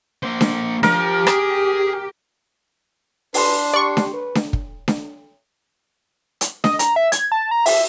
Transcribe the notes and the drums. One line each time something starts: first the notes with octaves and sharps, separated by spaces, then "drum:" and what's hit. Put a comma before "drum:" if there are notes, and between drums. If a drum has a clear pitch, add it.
A#3 C5
drum: snare D4
F3 G4 A#4, drum: snare D4
G#4, drum: rim click
D4 B4 C6 C7, drum: open hi-hat
G4 D5 C#6
drum: snare D4
B4
drum: snare D4
drum: kick
drum: snare D4
drum: hi-hat
D#5, drum: snare D4
A#5, drum: hi-hat
E5
G#6, drum: hi-hat
A5
A#5
E5, drum: open hi-hat